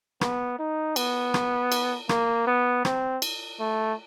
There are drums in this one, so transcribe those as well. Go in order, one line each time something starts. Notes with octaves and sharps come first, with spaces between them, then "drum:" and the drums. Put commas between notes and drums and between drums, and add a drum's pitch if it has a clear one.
B3, drum: rim click
D#4
B3, drum: cymbal
drum: rim click
drum: cymbal
A#3, drum: rim click
B3
C4, drum: rim click
drum: cymbal
A3